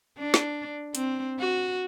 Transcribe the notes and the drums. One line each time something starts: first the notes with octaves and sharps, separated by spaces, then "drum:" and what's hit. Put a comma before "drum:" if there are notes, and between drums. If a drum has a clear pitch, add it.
D4
drum: snare
C4, drum: hi-hat
F#4